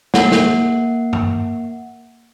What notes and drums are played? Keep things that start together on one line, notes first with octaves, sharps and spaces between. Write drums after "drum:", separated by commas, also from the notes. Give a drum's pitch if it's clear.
A#3 F#5, drum: snare
drum: snare
drum: tom G2